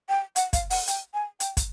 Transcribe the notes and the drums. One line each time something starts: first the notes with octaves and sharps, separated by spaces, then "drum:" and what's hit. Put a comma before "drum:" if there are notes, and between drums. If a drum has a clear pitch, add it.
G5
F#5, drum: hi-hat
F5, drum: kick, hi-hat
F#5, drum: open hi-hat
G5, drum: hi-hat
G#5
G5, drum: hi-hat
drum: kick, hi-hat